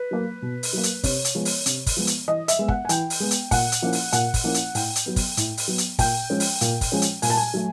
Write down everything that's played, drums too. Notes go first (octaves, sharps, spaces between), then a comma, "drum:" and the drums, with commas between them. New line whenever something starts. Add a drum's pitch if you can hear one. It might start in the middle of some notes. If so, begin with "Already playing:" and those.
Already playing: B4
F#3 A#3
B2
drum: open hi-hat
F#3 A#3
drum: hi-hat
C3 C#5, drum: kick, open hi-hat
drum: hi-hat
F3 G#3 B3
drum: open hi-hat
C3, drum: hi-hat
drum: kick, open hi-hat
F3 G#3 B3
drum: hi-hat
E3 D#5
E5, drum: hi-hat
G#3 B3
F#5, drum: kick
G#5
E3 G5, drum: hi-hat
drum: open hi-hat
G#3 B3
drum: hi-hat
A#2 F#5, drum: kick, open hi-hat
drum: hi-hat
F3 A#3 C#4 E4
drum: open hi-hat
A#2 F#5, drum: hi-hat
drum: kick, open hi-hat
F3 A#3 C#4 E4
drum: hi-hat
A2 G5, drum: open hi-hat
drum: hi-hat
F#3 B3
drum: kick, open hi-hat
A2, drum: hi-hat
drum: open hi-hat
F#3 B3
drum: hi-hat
A#2 G5, drum: kick, open hi-hat
F3 G#3 C#4
drum: open hi-hat
A#2, drum: hi-hat
drum: kick, open hi-hat
F3 G#3 C#4
drum: hi-hat
A#2 G#5, drum: open hi-hat
A5
G#5
F#3 A3